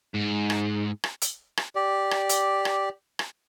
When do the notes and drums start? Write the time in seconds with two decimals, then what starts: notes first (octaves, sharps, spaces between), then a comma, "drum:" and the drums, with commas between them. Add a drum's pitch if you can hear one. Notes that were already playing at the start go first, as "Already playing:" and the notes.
0.14 G#2
0.50 drum: rim click
1.04 drum: rim click
1.22 drum: hi-hat
1.57 drum: rim click
1.75 G4 D5
2.11 drum: rim click
2.29 drum: hi-hat
2.65 drum: rim click
3.19 drum: rim click